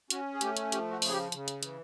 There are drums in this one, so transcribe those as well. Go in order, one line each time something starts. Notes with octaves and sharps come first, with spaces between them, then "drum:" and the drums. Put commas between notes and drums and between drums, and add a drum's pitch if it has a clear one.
C#4 F#4, drum: hi-hat
G#4
A3 G4, drum: hi-hat
drum: hi-hat
F3 G4, drum: hi-hat
F#4
C#3, drum: open hi-hat
G#4
G4
C#3, drum: hi-hat
drum: hi-hat
E3, drum: hi-hat